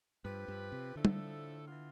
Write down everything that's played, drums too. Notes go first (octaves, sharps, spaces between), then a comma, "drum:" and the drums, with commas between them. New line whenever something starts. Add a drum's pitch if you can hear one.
G2 F3 C4 G4 B4
G2
C3
A2 D3 F3 A3 D4 A4
drum: tom
E3 B3 F4